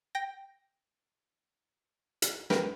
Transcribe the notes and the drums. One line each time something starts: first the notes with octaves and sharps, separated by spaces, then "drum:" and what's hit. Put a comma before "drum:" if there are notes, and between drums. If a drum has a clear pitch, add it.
G5 A#6
drum: hi-hat
A#4 B4 G5 F#6, drum: snare